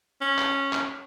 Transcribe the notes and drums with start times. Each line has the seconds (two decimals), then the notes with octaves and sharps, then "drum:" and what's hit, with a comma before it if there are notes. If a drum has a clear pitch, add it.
0.21 C#4
0.38 drum: clap
0.73 drum: clap